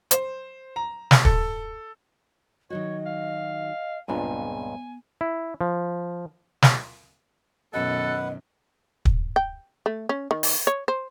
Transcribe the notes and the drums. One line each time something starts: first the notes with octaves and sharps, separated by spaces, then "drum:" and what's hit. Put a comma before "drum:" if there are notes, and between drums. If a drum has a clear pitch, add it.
C5, drum: hi-hat
A#5
drum: snare
A4, drum: kick
D#3 F#3 F#4 C#5 D#5
F5
C#2 G2 A#2 B3 C4 D4 F4 G#5
E4
F3
drum: snare
F#2 B2 D#3 A4 B4 D#5 F#5
drum: kick
G5
A3
C#4
D#3
drum: open hi-hat
C#5
C5